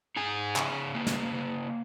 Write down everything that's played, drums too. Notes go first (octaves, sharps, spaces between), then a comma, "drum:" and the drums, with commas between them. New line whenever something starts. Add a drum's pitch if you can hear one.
D#4 G#4 G#5
C#3, drum: clap
A#3
drum: snare
C#3